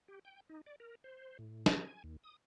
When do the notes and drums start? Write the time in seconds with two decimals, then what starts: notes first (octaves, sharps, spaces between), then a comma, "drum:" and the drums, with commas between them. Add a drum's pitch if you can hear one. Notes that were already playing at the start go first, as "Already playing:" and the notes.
0.08 G4
0.25 G5
0.50 D#4
0.66 D5
0.80 A#4
1.04 C5
1.39 A2
1.66 G#5, drum: snare
2.04 D#2
2.24 D#6